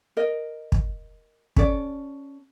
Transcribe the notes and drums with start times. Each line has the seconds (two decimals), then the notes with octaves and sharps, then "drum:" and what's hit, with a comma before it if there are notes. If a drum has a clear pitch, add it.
0.17 A#4 D#5
0.72 drum: kick
1.56 C#4 A4 D5, drum: kick